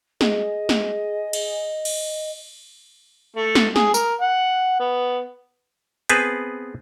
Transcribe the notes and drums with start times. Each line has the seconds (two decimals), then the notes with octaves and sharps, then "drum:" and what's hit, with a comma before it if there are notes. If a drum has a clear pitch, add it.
0.21 G#4 D#5, drum: snare
0.69 drum: snare
1.33 drum: cymbal
1.85 drum: cymbal
3.36 A3
3.55 drum: snare
3.76 G#4, drum: snare
3.94 A#4, drum: tambourine
4.21 F#5
4.80 B3
6.09 B3 C4 G#4 B4 G#5 A5, drum: hi-hat